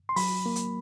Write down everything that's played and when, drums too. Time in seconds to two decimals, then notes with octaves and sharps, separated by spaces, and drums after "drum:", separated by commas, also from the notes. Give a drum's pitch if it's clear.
0.09 C6
0.16 F#3 B5, drum: open hi-hat
0.46 A#3
0.56 drum: hi-hat